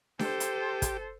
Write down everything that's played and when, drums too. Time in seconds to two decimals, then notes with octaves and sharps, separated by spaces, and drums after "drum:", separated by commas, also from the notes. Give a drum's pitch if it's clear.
0.19 G4 A4 C5, drum: snare D4
0.40 drum: hi-hat
0.82 drum: kick, hi-hat